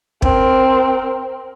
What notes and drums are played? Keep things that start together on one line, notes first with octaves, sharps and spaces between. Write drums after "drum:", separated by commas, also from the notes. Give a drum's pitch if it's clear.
C4 A#4, drum: kick